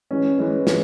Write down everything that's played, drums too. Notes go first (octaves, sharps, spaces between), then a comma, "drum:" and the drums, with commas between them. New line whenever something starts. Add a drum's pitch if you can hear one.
E3 G#3 C#4
E3 G#3 C#4
E3 G#3, drum: snare